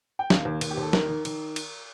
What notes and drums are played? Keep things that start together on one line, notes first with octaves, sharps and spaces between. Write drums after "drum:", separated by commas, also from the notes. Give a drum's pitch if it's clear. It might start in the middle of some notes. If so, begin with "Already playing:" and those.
G5
D#2 F5, drum: snare
D#2
D#2, drum: cymbal
G4
D#2
A4
D#3 A#4, drum: snare
D#3
D#3, drum: cymbal
drum: cymbal